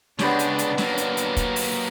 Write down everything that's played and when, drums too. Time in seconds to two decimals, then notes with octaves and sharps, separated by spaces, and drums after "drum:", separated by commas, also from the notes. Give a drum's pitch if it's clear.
0.19 C#3 G#3 B3 D4 G4 C#5, drum: snare
0.39 drum: hi-hat
0.59 drum: hi-hat
0.78 F#3 A#3, drum: snare
0.98 drum: hi-hat
1.17 drum: hi-hat
1.37 drum: kick, hi-hat
1.56 drum: open hi-hat